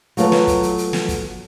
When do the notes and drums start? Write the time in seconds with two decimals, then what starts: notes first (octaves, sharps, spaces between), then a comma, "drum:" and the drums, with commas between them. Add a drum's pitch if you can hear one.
0.17 F#3 A3 F4 B4, drum: hi-hat
0.32 drum: snare
0.47 drum: kick, hi-hat
0.62 drum: hi-hat
0.78 drum: hi-hat
0.93 drum: snare
1.08 drum: kick, hi-hat